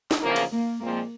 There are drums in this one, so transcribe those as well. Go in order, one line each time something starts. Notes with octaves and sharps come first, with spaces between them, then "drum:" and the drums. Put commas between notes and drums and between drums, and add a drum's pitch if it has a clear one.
drum: snare
E2 C#3 F3 A#3
drum: cymbal
A#3
A#2 F3 G#3 A#3 C4 F4